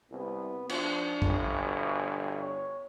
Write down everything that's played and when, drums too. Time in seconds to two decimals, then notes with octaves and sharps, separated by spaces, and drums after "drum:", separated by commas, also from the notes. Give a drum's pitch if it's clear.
0.11 C2 B3
0.69 F3 D4, drum: cymbal
1.22 G1, drum: kick A#1
1.62 B2
2.41 C#5